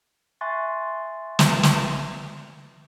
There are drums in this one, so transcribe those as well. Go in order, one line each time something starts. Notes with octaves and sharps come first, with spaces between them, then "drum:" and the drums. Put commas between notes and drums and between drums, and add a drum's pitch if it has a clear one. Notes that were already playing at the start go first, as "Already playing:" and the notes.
E5 G#5 C6 C#6 F#6 A6
drum: snare
drum: snare